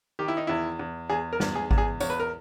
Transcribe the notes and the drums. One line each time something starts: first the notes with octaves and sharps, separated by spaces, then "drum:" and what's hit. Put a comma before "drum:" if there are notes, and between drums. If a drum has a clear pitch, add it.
D#3 G4
E4
D#4
E2 E4
E2
E2 G#4
A#4
E2, drum: snare
G#4
E2, drum: kick G#1
G#4
E2 C#5, drum: tambourine
B4
A#4